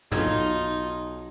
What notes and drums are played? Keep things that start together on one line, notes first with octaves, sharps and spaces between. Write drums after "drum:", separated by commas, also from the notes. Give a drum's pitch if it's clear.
B1 D#4 F4 G#6, drum: tom